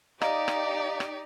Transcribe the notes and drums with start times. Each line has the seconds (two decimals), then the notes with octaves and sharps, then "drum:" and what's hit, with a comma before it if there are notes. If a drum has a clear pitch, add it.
0.22 D#4 G4 D5 D#5 F5 A#5, drum: rim click
0.48 drum: rim click
1.00 drum: rim click